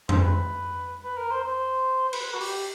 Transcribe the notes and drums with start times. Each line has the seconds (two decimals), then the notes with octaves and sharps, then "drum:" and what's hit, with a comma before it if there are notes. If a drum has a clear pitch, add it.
0.09 C5, drum: tom F2
0.22 B4
1.04 B4
1.17 A#4
1.31 C5
1.44 C5
2.09 C5
2.13 B4, drum: cymbal
2.34 F#4
2.41 G4, drum: open hi-hat